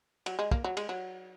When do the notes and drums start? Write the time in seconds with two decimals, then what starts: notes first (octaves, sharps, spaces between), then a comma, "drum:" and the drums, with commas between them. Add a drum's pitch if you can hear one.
0.26 F#3, drum: cymbal
0.39 G#3
0.51 A#3, drum: kick
0.64 F#3
0.77 G#3, drum: cymbal
0.89 F#3